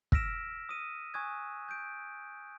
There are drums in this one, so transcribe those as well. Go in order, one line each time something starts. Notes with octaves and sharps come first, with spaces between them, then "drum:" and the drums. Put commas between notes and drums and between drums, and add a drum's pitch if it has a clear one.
E6 F6 A#6 B6 D7 E7, drum: kick
D#6 D#7
G#5 C#6 D#6 F#6 G#6
G6 D7